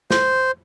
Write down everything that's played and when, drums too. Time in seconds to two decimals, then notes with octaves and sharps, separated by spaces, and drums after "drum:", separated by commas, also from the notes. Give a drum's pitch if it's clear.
0.11 C5, drum: snare